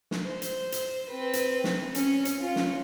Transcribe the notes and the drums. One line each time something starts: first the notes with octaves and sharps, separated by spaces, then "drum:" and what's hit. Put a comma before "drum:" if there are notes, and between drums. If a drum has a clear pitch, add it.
drum: snare
C5
drum: hi-hat
drum: hi-hat
C4 B4
drum: hi-hat
drum: snare
C#4, drum: hi-hat
drum: hi-hat
C#4 F4
drum: snare